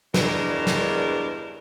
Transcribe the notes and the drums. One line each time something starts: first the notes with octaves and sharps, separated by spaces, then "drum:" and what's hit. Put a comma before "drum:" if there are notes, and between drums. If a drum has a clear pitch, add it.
E2 G2 C#3 G#3 D4 A#4, drum: snare
drum: snare